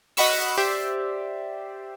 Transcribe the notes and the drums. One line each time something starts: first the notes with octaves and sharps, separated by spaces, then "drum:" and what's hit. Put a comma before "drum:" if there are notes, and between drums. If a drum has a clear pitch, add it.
F#4 D#5 F#5 B5 C#6 E6, drum: open hi-hat
G4 C5 D5 E5